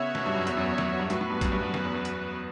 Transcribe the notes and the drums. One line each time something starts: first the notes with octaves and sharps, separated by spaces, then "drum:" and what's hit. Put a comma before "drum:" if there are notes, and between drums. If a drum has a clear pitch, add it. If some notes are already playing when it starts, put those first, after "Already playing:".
Already playing: C#3 B3 F#4 C#5 E5
B2, drum: snare
G2
F#2
E2, drum: hi-hat
F#2
E2
F#2, drum: snare
G2
A2 B3 F#4 B4, drum: hi-hat
A2
G2
F#2, drum: kick A#1, hi-hat
G2
G2
F#2, drum: snare
E2
F#2
drum: hi-hat